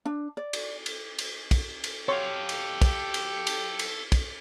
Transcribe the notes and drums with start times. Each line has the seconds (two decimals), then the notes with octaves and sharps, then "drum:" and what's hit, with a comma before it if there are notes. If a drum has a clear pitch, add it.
0.05 D4
0.37 D5
0.53 drum: cymbal
0.86 drum: cymbal
1.19 drum: cymbal
1.51 drum: kick, cymbal
1.84 drum: cymbal
2.08 G4 A4 C#5 F5 C6 C#6
2.49 drum: cymbal
2.82 drum: kick, cymbal
3.14 drum: cymbal
3.47 drum: cymbal
3.79 drum: cymbal
4.12 drum: kick, cymbal